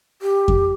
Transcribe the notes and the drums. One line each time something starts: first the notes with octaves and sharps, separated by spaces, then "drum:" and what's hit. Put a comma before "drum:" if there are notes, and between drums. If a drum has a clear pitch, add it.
G4
drum: kick F2